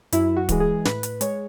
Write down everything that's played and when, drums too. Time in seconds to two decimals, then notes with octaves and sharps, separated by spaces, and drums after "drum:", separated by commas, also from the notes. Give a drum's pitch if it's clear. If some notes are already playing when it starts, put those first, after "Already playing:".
0.12 F#2 E4, drum: hi-hat
0.37 F#4
0.49 E3 G#3, drum: kick D1, hi-hat
0.60 G#4
0.85 A2 B4, drum: snare
1.03 drum: hi-hat
1.21 G#3 C#5, drum: hi-hat